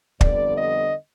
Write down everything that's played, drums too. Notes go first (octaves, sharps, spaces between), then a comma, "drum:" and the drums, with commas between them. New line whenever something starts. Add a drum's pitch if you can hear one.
F2 D3 G3 B3 D5, drum: kick
D#5